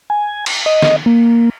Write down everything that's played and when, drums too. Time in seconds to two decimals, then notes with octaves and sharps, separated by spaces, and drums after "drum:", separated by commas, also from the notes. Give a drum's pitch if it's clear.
0.10 G#5
0.46 drum: cymbal
0.66 D#5
0.82 drum: snare
1.06 A#3